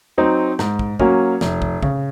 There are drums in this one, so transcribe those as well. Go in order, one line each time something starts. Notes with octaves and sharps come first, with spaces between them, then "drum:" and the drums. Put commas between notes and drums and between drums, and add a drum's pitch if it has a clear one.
F#3 C4 D#4
G#2, drum: snare
drum: kick
F#3 A#3 C#4 F#4, drum: kick
F1, drum: snare
drum: kick
C#3, drum: kick